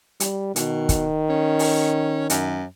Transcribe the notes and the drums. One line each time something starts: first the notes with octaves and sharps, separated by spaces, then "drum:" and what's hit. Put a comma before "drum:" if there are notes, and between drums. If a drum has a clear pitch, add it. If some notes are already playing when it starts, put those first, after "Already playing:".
G3, drum: hi-hat
B2 D#3, drum: hi-hat
drum: kick, hi-hat
C#4
drum: open hi-hat
F#2, drum: hi-hat